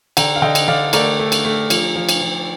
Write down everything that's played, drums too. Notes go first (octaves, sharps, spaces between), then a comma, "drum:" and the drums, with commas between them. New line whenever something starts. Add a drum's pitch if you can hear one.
D3 G5 A#5, drum: cymbal
F5
D3 D#5 G5
drum: cymbal
D3 D5 F5
A3 A#4 D5, drum: cymbal
A3
drum: cymbal
A3
F3, drum: cymbal
F3
drum: cymbal
F3